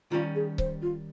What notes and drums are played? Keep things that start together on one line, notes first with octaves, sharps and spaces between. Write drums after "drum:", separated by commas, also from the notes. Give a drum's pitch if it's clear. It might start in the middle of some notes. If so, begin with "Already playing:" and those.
D#3 G3 C#4 F4
G#4
C5, drum: kick C#1
F4